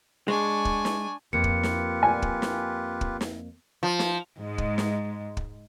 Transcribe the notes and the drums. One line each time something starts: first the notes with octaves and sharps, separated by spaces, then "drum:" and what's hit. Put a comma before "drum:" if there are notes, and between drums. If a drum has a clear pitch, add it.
G#3 D4 G#5 C#6
drum: kick
drum: snare
F2 A#3 F4 G4 B4 C#7
drum: kick
drum: snare
G#5
drum: kick
drum: snare
drum: kick
drum: snare
F3
drum: snare
G#2 G#3
drum: kick
drum: snare
drum: kick